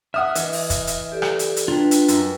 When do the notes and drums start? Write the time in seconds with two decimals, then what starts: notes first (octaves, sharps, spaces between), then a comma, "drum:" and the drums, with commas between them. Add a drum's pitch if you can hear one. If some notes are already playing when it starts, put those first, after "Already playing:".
0.14 E5 F#5 D#6 F6
0.35 E3 D#5, drum: hi-hat
0.53 drum: open hi-hat
0.70 drum: kick, hi-hat
0.87 drum: hi-hat
1.12 G4 A4 D5
1.22 drum: rim click
1.39 drum: hi-hat
1.57 drum: hi-hat
1.68 D4 F4 B4 G5 A#5
1.91 drum: hi-hat
2.08 F#2, drum: hi-hat